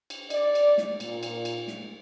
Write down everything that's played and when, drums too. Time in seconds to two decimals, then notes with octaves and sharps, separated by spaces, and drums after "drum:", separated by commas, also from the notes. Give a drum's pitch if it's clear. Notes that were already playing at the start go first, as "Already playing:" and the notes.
0.10 drum: cymbal
0.30 D5, drum: cymbal
0.55 drum: cymbal
0.78 drum: snare
1.00 A#2, drum: cymbal
1.23 drum: cymbal
1.45 drum: cymbal
1.68 drum: snare